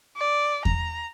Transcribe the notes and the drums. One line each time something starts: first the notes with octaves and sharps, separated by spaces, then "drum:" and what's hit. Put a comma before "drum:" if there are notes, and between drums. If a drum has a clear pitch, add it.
D5
A#5, drum: kick E2